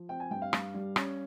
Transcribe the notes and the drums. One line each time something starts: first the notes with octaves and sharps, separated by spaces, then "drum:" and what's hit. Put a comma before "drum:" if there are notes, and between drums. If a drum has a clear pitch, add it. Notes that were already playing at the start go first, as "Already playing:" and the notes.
Already playing: F3
C4 G5
G#5
G2 G5
F5
G2, drum: rim click
G3
C#4, drum: rim click